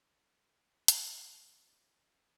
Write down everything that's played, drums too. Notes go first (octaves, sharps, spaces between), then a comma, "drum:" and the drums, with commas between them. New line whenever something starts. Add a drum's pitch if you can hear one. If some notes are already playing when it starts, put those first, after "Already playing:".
D#4
B2
F5
D#4
F3, drum: hi-hat
F#3
G#3
A#2
F4
E3
F#3
C4